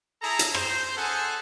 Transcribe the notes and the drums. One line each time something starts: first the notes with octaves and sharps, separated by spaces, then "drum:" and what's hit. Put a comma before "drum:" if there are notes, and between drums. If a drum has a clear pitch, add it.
E4 G#4 A4 A#5
drum: hi-hat
C5, drum: rim click
C#4 G#4 A4 F#5 G#5